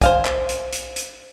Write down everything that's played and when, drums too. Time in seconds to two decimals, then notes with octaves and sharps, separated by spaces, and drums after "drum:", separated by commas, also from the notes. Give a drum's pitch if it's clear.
0.01 C5 F5 G#5, drum: kick B1, hi-hat
0.25 drum: clap
0.49 drum: hi-hat
0.72 drum: hi-hat
0.96 drum: hi-hat